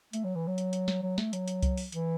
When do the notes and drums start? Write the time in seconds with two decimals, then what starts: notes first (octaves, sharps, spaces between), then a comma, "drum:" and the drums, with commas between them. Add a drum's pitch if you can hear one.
0.13 A3, drum: hi-hat
0.24 F#3
0.35 E3
0.47 F#3
0.58 drum: hi-hat
0.73 drum: hi-hat
0.88 drum: snare
1.03 F#3
1.18 A3, drum: snare
1.33 F#3, drum: hi-hat
1.48 drum: hi-hat
1.63 drum: kick C2, hi-hat
1.77 drum: open hi-hat
1.92 E3, drum: hi-hat